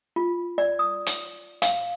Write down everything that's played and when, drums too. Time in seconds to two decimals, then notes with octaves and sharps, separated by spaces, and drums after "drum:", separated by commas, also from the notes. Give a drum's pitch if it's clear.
0.16 F4
0.58 D5
0.79 D#6
1.07 drum: hi-hat
1.62 F5, drum: hi-hat